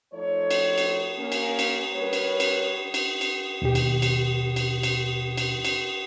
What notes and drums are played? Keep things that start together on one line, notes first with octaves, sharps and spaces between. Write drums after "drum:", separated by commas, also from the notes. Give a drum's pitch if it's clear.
F3 A3 D#4 A4 C#5
drum: cymbal
drum: cymbal
A#3 C#4
drum: cymbal
drum: cymbal
G3 C#4 A#4 B4 C#5
drum: cymbal
drum: cymbal
drum: cymbal
drum: cymbal
D#2 B2 G4
drum: cymbal
drum: cymbal
drum: cymbal
drum: cymbal
drum: cymbal
drum: cymbal